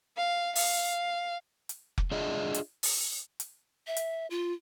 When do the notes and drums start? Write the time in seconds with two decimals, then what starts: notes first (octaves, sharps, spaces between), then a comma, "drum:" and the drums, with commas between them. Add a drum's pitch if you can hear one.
0.17 F5
0.55 F5, drum: open hi-hat
1.69 drum: hi-hat
1.98 drum: kick F1
2.11 D4 F4 G#4 D#5 E5 F#5
2.54 drum: hi-hat
2.83 drum: open hi-hat
3.40 drum: hi-hat
3.87 E5
3.97 drum: hi-hat
4.30 F4